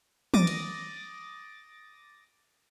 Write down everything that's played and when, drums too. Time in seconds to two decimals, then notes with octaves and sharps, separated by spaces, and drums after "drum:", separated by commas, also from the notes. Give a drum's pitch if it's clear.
0.34 D6 D#6 A6 A#6, drum: tom
0.47 drum: cymbal